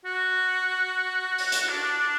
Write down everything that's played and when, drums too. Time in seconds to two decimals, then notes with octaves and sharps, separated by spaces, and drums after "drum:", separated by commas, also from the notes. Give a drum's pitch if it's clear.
0.05 F#4
1.38 drum: open hi-hat
1.52 drum: hi-hat
1.69 D4